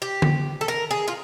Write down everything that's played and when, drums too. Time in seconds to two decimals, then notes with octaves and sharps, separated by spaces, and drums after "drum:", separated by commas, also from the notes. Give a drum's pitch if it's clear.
0.02 G4
0.22 drum: tom D3
0.61 A4
0.68 A#4
0.91 G#4
1.08 F4